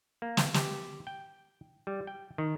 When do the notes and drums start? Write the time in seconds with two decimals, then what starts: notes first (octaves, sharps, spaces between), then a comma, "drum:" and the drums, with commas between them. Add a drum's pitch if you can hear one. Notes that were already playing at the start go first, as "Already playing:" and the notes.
0.22 A#3
0.37 drum: snare
0.54 G4, drum: snare
1.07 G5
1.87 G3
2.07 G5
2.38 D#3